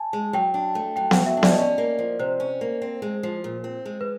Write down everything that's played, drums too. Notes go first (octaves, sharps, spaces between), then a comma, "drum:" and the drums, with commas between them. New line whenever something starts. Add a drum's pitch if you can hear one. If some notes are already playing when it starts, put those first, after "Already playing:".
Already playing: G#5 A5
G#3
F#3 G5
D4
A3
F#3 G5
F#5, drum: snare B3
F#3
E5
D4
D5, drum: snare B3
D#5
C#4 D5
A#3
F3
C3 C5
C#4
A#3
C4
G#3
F3
A#2
C4
G#3
B4